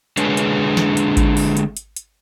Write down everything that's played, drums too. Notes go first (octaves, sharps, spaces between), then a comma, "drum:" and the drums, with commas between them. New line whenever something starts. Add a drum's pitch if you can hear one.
D3 G#3 D4 G#4 B4 C#5, drum: hi-hat
drum: hi-hat
drum: snare
drum: hi-hat
drum: kick G#1, hi-hat
drum: open hi-hat
drum: hi-hat
drum: hi-hat
drum: hi-hat